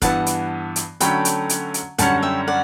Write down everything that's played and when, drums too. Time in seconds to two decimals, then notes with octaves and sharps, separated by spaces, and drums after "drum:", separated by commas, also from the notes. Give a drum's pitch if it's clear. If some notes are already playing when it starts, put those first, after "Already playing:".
0.02 G2 E3 B3 F#5 A5, drum: kick, hi-hat
0.26 drum: hi-hat
0.76 drum: hi-hat
1.00 D3 F#3 A3 C#4 G5 B5, drum: hi-hat
1.25 drum: hi-hat
1.49 drum: hi-hat
1.74 drum: hi-hat
1.98 F#2 D3 G3 C#4 F#5 A5, drum: hi-hat
2.23 E5 G5
2.48 D5 F#5